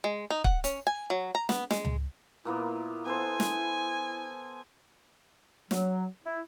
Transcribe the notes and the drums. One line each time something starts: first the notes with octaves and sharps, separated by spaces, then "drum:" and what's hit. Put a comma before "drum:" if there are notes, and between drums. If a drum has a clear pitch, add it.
G#3
D#4
F#5, drum: kick
C#4, drum: hi-hat
G#5
F#3
A#5
B3, drum: snare
G#3, drum: snare
drum: tom C#2
A#2 A#3 B3 E4
B3 A4 C5 G#5
drum: snare
F#3, drum: snare
E4